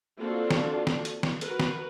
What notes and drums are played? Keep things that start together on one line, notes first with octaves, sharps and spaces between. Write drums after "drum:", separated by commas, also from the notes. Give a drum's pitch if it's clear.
A#3 C4 D4 F4 F#4 A4
drum: snare
drum: snare
drum: hi-hat
drum: snare
F#4 A#4 B4, drum: hi-hat
drum: snare